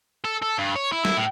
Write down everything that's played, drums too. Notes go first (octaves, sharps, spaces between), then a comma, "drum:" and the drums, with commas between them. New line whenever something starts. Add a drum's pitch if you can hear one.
A4
A4
G2
C#5
E4
E4, drum: snare
A2